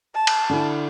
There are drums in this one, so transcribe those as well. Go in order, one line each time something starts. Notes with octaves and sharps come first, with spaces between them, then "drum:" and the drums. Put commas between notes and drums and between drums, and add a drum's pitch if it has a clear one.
A5
drum: cymbal
D3 E4